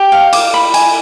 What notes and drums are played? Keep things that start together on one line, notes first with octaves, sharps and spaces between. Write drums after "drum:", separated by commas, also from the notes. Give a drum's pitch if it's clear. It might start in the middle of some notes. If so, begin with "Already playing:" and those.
Already playing: G4
F5
D6, drum: cymbal
B5
G#5, drum: cymbal